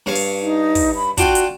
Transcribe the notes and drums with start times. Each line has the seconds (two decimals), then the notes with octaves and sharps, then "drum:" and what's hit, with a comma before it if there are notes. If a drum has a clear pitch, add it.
0.06 G2 C#5 F5
0.15 drum: open hi-hat
0.42 D#4
0.75 drum: kick, open hi-hat
0.95 B5
1.18 D4 F4 F#4 G5, drum: kick, hi-hat
1.35 drum: hi-hat